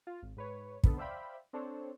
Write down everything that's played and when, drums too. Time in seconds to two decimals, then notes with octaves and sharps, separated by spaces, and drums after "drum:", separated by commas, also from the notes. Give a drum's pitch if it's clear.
0.07 F4
0.22 G#1
0.37 G#2 B4 C#5
0.84 C2 D3 B3 A4, drum: kick
0.98 C5 D5 E5 F5 G5 B5
1.53 C4 D4 A4 C5 C#5